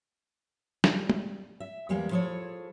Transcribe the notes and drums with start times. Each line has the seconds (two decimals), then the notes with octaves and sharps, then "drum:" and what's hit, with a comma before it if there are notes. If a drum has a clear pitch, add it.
0.84 G3, drum: snare
1.10 drum: tom
1.60 E5
1.89 E2 G3 G#3 A#3 G#4 F5
2.11 F3 E4 G#4 A4 C#5